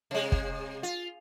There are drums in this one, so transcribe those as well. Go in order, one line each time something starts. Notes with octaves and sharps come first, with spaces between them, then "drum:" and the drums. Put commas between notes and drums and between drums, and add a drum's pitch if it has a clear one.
C3 G#3
drum: kick
F4